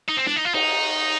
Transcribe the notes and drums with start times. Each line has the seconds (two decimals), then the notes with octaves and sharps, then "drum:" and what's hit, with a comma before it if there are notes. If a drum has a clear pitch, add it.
0.08 D#4
0.17 C4
0.26 D4, drum: snare
0.36 D#4
0.45 F4
0.54 D#4, drum: cymbal